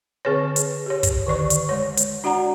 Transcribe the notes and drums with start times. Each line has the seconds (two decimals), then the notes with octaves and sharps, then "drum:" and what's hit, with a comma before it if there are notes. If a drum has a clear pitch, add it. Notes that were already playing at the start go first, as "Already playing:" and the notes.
0.25 D3 C4 G#4 B4 C#5
0.56 drum: hi-hat
0.86 G4 C#5
1.03 drum: kick, hi-hat
1.27 D3 D#3 D5 C#6
1.50 drum: hi-hat
1.69 G#3 C#5
1.97 drum: hi-hat
2.24 D4 F#4 D5 F#5 A#5